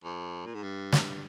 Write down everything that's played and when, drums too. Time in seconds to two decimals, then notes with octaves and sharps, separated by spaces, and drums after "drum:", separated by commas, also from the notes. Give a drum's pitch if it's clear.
0.04 F2
0.46 A#2
0.54 G#2
0.63 G2
0.92 drum: snare